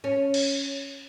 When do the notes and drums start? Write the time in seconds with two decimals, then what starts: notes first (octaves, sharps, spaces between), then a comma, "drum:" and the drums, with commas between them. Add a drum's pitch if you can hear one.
0.04 C#4
0.34 drum: cymbal